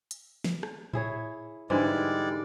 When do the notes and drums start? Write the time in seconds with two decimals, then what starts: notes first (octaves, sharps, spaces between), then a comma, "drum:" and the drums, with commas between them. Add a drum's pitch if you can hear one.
0.11 drum: hi-hat
0.44 drum: snare
0.63 drum: rim click
0.93 E4 G#4 C#5, drum: tom A2
1.70 G#2 D3 E3 G3 G#3 D5